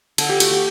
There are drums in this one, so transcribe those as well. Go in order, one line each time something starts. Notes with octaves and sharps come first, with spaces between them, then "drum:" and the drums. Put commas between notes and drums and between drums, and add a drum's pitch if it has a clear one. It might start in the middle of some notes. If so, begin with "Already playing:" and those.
D3 A4, drum: cymbal
G4
A3 F#4, drum: cymbal
G4